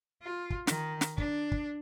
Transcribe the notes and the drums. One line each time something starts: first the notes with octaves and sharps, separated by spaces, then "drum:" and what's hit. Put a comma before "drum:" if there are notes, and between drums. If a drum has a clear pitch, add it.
F4
drum: kick
D#3, drum: snare
drum: snare
D4, drum: kick
drum: kick